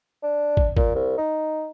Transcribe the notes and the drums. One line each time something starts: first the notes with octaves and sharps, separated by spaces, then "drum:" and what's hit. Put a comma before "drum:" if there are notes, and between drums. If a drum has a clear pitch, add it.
D4
drum: kick
A#2, drum: kick
C2
D#4